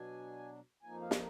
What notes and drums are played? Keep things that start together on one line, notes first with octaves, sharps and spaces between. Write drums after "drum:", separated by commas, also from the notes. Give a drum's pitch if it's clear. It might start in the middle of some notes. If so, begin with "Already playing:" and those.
Already playing: B2 F#3 D4 G#5
F2 F3 A#3 D#4 G#5
F5
drum: snare